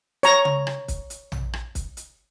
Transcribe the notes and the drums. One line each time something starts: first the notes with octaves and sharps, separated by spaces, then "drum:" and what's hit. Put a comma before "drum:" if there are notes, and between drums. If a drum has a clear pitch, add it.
C#5 A#5, drum: hi-hat
drum: tom C#3
drum: rim click
drum: kick, hi-hat
drum: hi-hat
drum: tom A#1
drum: rim click
drum: kick, hi-hat
drum: hi-hat